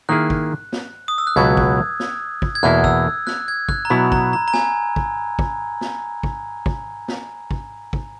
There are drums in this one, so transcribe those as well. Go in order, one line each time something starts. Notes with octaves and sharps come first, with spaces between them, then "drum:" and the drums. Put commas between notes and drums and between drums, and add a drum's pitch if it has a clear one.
D#3 A#3 E4 G#4 F#6
drum: kick
drum: snare
D#6
E6
F#6
C#2 B2 F#3 B3 G#6
drum: kick
drum: snare
drum: kick
G#6
E2 B2 A#3 E4 F#6
E6, drum: kick
F#6, drum: snare
G#6
F#6, drum: kick
A#5
B2 F#3 B3 E4 B5
A#5, drum: kick
A#5
A#5
G#5, drum: snare
drum: kick
drum: kick
drum: snare
drum: kick
drum: kick
drum: snare
drum: kick
drum: kick